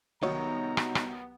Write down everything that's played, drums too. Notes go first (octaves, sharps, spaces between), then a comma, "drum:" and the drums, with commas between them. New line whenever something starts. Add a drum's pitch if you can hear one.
C2 D#3 F#3 B3 D#4 C#5 A#5
drum: rim click
drum: rim click